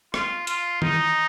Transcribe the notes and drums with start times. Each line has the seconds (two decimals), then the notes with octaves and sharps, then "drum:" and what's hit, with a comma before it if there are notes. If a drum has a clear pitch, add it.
0.14 F4, drum: rim click
0.47 F4, drum: hi-hat
0.82 D#4, drum: tom D#3